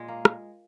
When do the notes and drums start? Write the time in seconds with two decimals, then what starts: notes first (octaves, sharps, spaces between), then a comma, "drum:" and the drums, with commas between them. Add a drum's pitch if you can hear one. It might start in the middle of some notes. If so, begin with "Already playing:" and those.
Already playing: A#2 G#3
0.08 A#3
0.25 drum: rim click